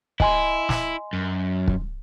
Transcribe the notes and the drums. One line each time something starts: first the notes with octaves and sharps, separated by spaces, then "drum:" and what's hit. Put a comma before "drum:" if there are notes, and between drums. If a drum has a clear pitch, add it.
E4 D#5 G#5 C6, drum: kick
drum: snare
F#2
drum: kick